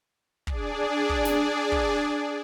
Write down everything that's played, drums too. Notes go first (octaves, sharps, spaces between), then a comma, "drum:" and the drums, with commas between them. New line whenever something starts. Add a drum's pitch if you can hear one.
D4 G#4 D5, drum: kick
drum: kick
drum: snare
drum: kick